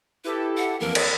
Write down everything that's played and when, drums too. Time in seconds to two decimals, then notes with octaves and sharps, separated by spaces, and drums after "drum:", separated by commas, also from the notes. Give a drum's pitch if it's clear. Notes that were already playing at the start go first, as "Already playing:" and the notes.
0.25 E4 G4 A4 B4
0.57 F#5
0.80 F2 E3 A#3 A#4
0.95 D#5 E6, drum: cymbal